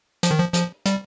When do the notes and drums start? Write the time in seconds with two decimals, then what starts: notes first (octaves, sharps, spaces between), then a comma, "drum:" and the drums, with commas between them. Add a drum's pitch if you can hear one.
0.23 F3, drum: hi-hat
0.31 D#3
0.39 F3
0.54 F3, drum: hi-hat
0.86 G3, drum: hi-hat